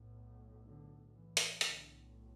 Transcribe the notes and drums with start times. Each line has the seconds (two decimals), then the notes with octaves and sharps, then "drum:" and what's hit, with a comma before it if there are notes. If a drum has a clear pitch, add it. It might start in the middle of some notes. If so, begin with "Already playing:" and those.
Already playing: B1 A2
0.67 D3
1.15 E3
1.37 drum: hi-hat
1.61 B1 A2 D3, drum: hi-hat